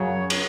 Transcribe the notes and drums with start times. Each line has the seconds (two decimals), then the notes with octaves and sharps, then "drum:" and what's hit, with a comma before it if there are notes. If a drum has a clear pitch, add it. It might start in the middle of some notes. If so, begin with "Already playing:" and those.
Already playing: F#2 C#3 F#3 C#5
0.30 drum: cymbal